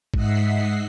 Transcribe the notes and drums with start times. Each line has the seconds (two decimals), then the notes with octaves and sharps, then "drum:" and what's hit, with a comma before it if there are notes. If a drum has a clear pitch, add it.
0.14 G#2 D#5 E5 F#5 B6 C7, drum: kick A1